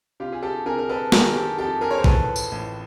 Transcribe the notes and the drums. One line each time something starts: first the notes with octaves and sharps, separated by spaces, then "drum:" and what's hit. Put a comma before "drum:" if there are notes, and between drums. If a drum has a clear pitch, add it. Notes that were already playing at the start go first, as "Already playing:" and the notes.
C3 F4 G4
G#4
G4 A4
C3 G#4 A#4
A#4
A4 B4
D#3 G#4 A#4, drum: snare
G4 A4
F2 G4 A4
G#4 A#4
C#5
C5
A1 A4 B4, drum: kick
drum: tambourine
A1